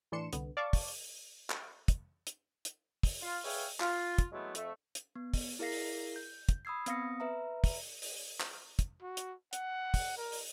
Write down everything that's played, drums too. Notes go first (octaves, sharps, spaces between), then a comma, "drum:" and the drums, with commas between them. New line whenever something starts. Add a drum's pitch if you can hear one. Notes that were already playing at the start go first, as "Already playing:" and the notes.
A2 E3 D4 C6 C#7 E7
C2 D3 B3, drum: hi-hat
D5 F5 A5 C#6 D6
drum: kick, open hi-hat
drum: clap
drum: kick, hi-hat
drum: hi-hat
drum: hi-hat
drum: kick, open hi-hat
F4
G#4 B4 C#5 E5 F5 G5, drum: open hi-hat
F4, drum: clap
drum: kick, hi-hat
F#3 G#3 A3 B3 C4 E4
F2 A3 E5, drum: hi-hat
drum: hi-hat
B3
drum: kick, open hi-hat
E4 G#4 A#4 F5 A#6 C7
drum: open hi-hat
G6
drum: kick, hi-hat
B5 D#6 E6 G#6 C7
B3 C4 F5 D#6 A#6 C#7, drum: hi-hat
B4 E5 A#5
drum: kick, open hi-hat
drum: open hi-hat
drum: clap
drum: kick, hi-hat
F#4
drum: hi-hat
F#5, drum: hi-hat
drum: kick, open hi-hat
A#4
drum: open hi-hat